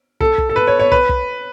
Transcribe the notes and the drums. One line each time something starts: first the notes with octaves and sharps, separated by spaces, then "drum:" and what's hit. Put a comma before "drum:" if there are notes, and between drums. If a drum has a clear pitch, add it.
A4, drum: kick
drum: kick
A4
B4
C#5
C#5
B4, drum: kick
drum: kick